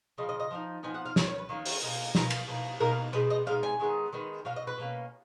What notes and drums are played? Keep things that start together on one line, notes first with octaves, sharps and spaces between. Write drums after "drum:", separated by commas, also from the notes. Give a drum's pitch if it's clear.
C#3 F3 D#5
D#5
D#5
F3 B3 D#4
F3 B3 D#4 G#5
F#5
F5
D#3 A#3 C#4 C#5, drum: snare
C#5
B4
D#3 A#3 C#4
drum: open hi-hat
B2 A#3 D#4
B2 A#3 D#4 A#4, drum: snare
drum: cymbal
B2 A#3 D#4
B2 A#3 D#4 A#4
B2 G#3 D#4 B4
D#5
B2 G#3 D#4 F5
G#5
D#3 G#3 B3 D#4
D#3 G#3 B3 D#4
B2 F#3 F5
D#5
B4
B2 F#3 A#3 C#4